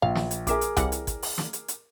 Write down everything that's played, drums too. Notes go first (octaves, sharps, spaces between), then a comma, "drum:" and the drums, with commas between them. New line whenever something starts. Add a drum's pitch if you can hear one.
A#1 F5
drum: snare
drum: hi-hat
A#1 G#4 A#4 E5 D6, drum: hi-hat
drum: hi-hat
C2 E3 G3 F#5, drum: kick, hi-hat
drum: hi-hat
drum: kick, hi-hat
drum: open hi-hat
drum: snare
drum: hi-hat
drum: hi-hat